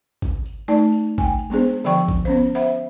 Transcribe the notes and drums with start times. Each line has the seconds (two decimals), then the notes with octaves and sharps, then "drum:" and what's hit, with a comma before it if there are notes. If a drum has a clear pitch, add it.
0.22 drum: kick, tambourine
0.46 drum: tambourine
0.68 A3 D#4 D5 A5, drum: tambourine
0.92 drum: tambourine
1.18 G5 G#5, drum: kick, tambourine
1.39 drum: tambourine
1.50 G#3 B3 D4 G#4 C5
1.84 D3 F3 D5 G5 C#6, drum: tambourine
2.08 drum: kick, tambourine
2.25 B3 C#4 C5
2.55 C5 E5 F#5 B5, drum: tambourine